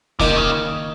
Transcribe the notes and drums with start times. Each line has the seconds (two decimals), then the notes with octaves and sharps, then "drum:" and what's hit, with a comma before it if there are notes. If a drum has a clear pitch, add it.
0.19 C3 D#3 A#3 D#4, drum: snare
0.36 C#3